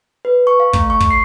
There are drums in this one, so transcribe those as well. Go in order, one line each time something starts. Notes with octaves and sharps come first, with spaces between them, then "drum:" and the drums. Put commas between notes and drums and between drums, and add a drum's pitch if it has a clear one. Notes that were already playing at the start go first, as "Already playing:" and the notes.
B4
C#6
F5
A3, drum: kick
C#6
drum: kick
C7